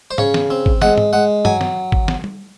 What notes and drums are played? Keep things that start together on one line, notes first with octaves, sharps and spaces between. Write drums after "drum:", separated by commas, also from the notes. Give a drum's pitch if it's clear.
C5
C#3 C#5, drum: tom G#2
drum: snare
C4
drum: kick G#1
G#3 F#5, drum: snare
drum: tom G#2
G#3 F#5
F#3 G#5, drum: tom G2
drum: snare
drum: kick G#1
drum: snare
drum: tom G3